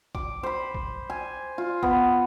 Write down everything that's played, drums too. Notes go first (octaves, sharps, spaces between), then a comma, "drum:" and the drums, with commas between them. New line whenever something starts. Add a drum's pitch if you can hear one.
D6, drum: kick
C5 B5
drum: kick
G#5
F4
B3, drum: kick